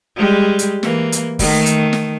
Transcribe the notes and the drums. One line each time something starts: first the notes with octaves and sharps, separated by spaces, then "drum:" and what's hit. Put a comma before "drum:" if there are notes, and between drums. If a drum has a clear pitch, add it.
G3 G#3 G4
drum: hi-hat
E3 A#3, drum: snare
drum: hi-hat
D#3 A3, drum: kick, open hi-hat
drum: hi-hat
drum: snare